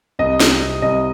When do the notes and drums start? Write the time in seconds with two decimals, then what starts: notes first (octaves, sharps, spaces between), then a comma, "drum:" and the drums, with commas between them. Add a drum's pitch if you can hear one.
0.19 C2 D#5
0.40 C2, drum: snare
0.62 C3
0.82 C2 D#5